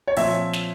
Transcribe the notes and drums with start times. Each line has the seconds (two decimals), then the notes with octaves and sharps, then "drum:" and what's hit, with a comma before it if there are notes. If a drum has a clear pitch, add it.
0.07 C#5
0.17 A#2 F3 C4 E5, drum: open hi-hat
0.53 drum: snare